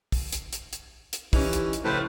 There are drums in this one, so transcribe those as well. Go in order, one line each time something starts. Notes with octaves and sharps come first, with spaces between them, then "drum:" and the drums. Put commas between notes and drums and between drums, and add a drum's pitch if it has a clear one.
drum: kick, open hi-hat
drum: hi-hat
drum: hi-hat
drum: hi-hat
drum: hi-hat
E3 C#4 D#4 G4, drum: kick, open hi-hat
drum: hi-hat
drum: hi-hat
A2 C#3 F3 A3 B4 C5